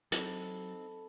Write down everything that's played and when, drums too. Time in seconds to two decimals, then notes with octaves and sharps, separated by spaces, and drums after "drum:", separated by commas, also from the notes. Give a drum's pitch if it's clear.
0.12 F#3 C4 D#4 A4 A5 B5, drum: hi-hat